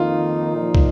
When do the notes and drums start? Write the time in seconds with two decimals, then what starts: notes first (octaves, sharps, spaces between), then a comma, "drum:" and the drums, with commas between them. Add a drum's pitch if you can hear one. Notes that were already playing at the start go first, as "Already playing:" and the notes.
Already playing: F2 D#3 A#3 D#4 F4
0.52 A#2 F3 D#4
0.75 drum: kick